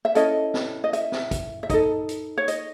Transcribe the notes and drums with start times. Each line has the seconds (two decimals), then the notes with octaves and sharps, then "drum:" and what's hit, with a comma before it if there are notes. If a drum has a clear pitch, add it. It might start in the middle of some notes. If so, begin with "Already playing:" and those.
0.05 E5
0.15 C#4 E4 A4 D#5, drum: hi-hat
0.54 drum: snare
0.84 D#5
0.93 E5, drum: hi-hat
1.12 drum: snare
1.31 drum: kick, hi-hat
1.63 E5
1.70 D#4 A4 D#5, drum: kick, hi-hat
2.09 drum: hi-hat
2.38 C#5
2.48 D#5, drum: hi-hat